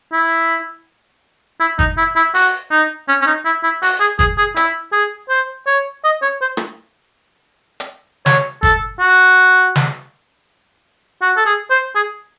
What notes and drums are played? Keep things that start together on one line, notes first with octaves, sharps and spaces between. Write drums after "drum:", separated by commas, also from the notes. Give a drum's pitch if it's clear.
E4
E4
D#4, drum: kick
E4
E4
F#4, drum: open hi-hat
D#4
C#4
C#4
D#4
E4
E4
F#4, drum: open hi-hat
G#4
G#4, drum: kick
G#4
E4, drum: hi-hat
G#4
C5
C#5
D#5
C#5
C5
drum: rim click
drum: hi-hat
C#5, drum: snare
A4, drum: kick
F#4
drum: snare
F#4
A4
G#4
C5
G#4